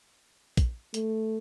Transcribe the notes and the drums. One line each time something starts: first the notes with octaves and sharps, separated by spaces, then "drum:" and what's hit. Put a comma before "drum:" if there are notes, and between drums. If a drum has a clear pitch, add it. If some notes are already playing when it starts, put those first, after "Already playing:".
drum: kick A#1, hi-hat
A3, drum: hi-hat